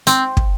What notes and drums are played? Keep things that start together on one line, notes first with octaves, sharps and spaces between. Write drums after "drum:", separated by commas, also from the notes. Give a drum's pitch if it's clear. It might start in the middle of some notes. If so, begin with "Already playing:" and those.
C4, drum: hi-hat
drum: kick